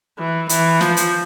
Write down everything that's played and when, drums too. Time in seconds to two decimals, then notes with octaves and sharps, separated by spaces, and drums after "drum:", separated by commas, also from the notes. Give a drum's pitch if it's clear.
0.19 E3
0.49 E3, drum: hi-hat
0.81 F3, drum: snare
0.97 drum: hi-hat